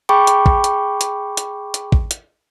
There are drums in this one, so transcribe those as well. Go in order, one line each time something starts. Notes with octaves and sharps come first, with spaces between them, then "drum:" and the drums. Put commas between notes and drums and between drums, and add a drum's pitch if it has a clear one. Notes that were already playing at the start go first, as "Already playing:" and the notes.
G#4 G5 B5 C#6 D6
drum: hi-hat
drum: kick
drum: hi-hat
drum: hi-hat
drum: hi-hat
drum: hi-hat
drum: kick
drum: hi-hat